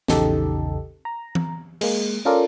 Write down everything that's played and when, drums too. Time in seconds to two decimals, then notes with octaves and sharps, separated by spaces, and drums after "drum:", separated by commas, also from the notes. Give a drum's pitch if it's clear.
0.08 A#1 E2 C#3 D#4 G4 A4, drum: snare
1.05 A#5
1.35 drum: tom E3
1.81 G#3 A#3, drum: cymbal
2.25 C#4 F4 A4 A#4 D5